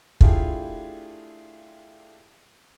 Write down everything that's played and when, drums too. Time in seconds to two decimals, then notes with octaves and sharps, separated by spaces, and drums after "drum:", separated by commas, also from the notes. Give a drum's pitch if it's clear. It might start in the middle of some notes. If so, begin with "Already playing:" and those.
0.21 A3 D4 E4 F4 G4 G#4, drum: kick